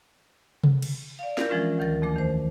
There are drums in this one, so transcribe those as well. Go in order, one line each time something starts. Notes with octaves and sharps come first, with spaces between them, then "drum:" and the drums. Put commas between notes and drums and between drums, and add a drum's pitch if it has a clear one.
drum: tom C3
drum: cymbal
D5 F5
D4 A#4 G6, drum: snare
E3 F3 G#3 C#4 F4
D2 D#3 A#4 A6
E2 F3 A3 D6
D#3 C5